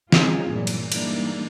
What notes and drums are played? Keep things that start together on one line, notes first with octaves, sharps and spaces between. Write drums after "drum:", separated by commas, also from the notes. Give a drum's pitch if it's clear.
G3 C4 C#4 D#4 F4 G#4, drum: snare
G2 A#2 E3 F#3
drum: cymbal
E3 G3 G#3 A#3 D4 D#4, drum: cymbal